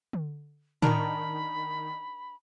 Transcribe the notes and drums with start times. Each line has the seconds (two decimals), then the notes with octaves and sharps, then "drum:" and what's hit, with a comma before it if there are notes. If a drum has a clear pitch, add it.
0.13 drum: tom D3
0.82 D#3 D4 A#4 B5, drum: tom A2